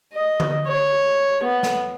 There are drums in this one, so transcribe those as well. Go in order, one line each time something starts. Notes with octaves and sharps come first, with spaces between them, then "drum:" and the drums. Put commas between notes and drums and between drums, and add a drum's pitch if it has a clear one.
D#5
drum: tom D3
C#5
B3
drum: snare